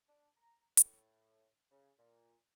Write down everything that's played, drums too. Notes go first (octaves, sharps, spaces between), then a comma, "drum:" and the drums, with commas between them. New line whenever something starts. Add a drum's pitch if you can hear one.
D4
A#5
A2, drum: hi-hat
C#3
A#2